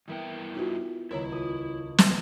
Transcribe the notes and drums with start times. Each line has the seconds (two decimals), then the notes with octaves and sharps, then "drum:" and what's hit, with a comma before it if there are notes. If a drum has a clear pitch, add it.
0.08 G2 E3 A#3 B3 E4 G5
0.54 D#4 F4 F#4
1.11 D#1 C#2 E4 A#4 C#5 A#5
1.32 F4 D#6
1.98 drum: snare